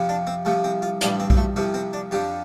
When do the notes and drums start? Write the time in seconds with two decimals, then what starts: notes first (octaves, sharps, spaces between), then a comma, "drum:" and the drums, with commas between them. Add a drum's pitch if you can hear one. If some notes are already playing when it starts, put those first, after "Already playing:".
Already playing: F2 C3 F3
0.09 D4
0.27 C4
0.45 C2 C3 F3 A3
0.64 C4
0.82 F4
1.01 A1 G2 F3 D4, drum: hi-hat
1.20 C4
1.30 C4, drum: kick B1
1.37 A3
1.56 C2 C3 F3 C4
1.74 C4
1.93 D4
2.11 F2 D3 F3 G4